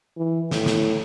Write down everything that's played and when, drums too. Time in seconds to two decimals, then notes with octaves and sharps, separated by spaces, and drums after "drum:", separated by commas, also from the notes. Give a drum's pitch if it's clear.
0.17 E3
0.51 A2, drum: snare
0.66 drum: snare